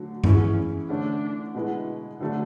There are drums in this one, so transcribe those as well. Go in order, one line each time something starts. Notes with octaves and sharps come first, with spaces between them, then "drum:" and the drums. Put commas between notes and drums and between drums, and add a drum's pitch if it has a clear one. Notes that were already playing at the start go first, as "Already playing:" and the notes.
Already playing: D3 F#3 A3
E3 B3 C#4 E4 G#4, drum: tom G2
D3 A3 C#4 D4
B2 G#3 B3 E4
D3 F#3 A3 D4